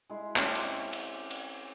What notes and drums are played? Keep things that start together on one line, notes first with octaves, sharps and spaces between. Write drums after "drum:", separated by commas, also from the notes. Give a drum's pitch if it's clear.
G#3 E4
C4 C#4 G4, drum: clap
drum: cymbal
drum: cymbal
drum: cymbal